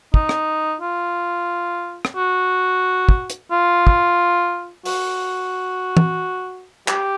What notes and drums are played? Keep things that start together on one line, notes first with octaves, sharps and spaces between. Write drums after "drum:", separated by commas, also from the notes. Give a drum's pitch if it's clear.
D#4, drum: kick
drum: rim click
F4
drum: rim click
F#4
drum: kick
drum: hi-hat
F4
drum: kick
F#4, drum: open hi-hat
drum: tom
G4, drum: clap